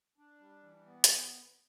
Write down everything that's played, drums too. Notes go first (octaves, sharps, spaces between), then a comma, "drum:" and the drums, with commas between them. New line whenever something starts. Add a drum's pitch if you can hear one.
D4
G3
E3
B3
drum: hi-hat